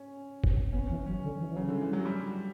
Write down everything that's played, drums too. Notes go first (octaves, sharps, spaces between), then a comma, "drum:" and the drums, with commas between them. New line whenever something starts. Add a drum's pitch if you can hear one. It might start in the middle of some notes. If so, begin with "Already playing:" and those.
Already playing: C#4
drum: kick F1
B3 C#4
E3
F#3 C#4
D3
E3
E3
C#3 F#3
D3 G3
E3
G3
F#3
G3